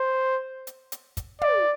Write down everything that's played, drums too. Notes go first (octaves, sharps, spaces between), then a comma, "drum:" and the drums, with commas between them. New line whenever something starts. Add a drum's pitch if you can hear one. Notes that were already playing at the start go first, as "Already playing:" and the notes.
Already playing: C5
drum: hi-hat
drum: hi-hat
drum: kick, hi-hat
D5, drum: tom